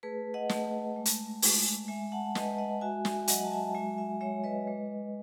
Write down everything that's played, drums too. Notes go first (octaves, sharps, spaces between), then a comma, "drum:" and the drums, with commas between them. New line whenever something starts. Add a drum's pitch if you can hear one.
A3 G#4 B4
D#5 F#5
A3, drum: snare
G#3
drum: hi-hat
G#3, drum: open hi-hat
G#3 E5 G#5
F#5 A5
G#3 B4 D#5, drum: snare
D#5 F#5
F#4 E5 G#5
E5 G#5, drum: snare
F#3 D#5 F#5, drum: hi-hat
A5
E5 G#5
G#3 E5 G#5
E5 G#5
G#3 C#5 E5
B4 D#5
G#3